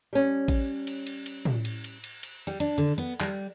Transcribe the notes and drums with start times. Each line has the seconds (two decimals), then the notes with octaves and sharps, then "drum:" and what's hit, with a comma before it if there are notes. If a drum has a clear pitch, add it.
0.13 G3 C#4
0.48 drum: kick A1, cymbal
0.87 drum: cymbal
1.07 drum: cymbal
1.26 drum: cymbal
1.45 drum: tom
1.65 drum: cymbal
1.84 drum: cymbal
2.04 drum: cymbal
2.23 drum: cymbal
2.47 G3
2.60 D4, drum: cymbal
2.78 D3
2.98 B3
3.20 G3, drum: clap